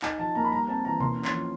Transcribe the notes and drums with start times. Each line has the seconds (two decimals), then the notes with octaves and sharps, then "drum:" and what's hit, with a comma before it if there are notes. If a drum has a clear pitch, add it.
0.02 D#4 G#5, drum: clap
0.18 F3 A5
0.35 A#3 A#5
0.44 B5
0.52 G3 A#5
0.68 C4 A5
0.85 E3 A#5
1.00 A#3 C6, drum: tom B2
1.16 C#4
1.25 C6, drum: clap
1.33 F3